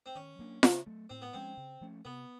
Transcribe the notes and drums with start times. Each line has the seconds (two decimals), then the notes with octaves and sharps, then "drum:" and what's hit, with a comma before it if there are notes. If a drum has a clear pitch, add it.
0.06 C4
0.15 D#3 C#4
0.39 F#3 A#3 D4
0.63 C#3, drum: snare F4
0.86 F#3 A3
1.10 A2 C4
1.22 B3
1.33 F3 G#3 C4 C#4
1.57 C#3
1.81 F3 A3 C#4
2.05 C3 B3